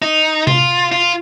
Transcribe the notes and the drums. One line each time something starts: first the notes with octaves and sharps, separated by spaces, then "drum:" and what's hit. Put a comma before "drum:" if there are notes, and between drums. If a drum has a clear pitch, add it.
D#4
F4, drum: tom C3
F4